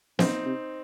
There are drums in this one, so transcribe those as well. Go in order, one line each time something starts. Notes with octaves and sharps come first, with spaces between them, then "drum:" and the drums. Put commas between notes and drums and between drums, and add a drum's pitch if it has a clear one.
C#3 C4 D#4, drum: snare
C3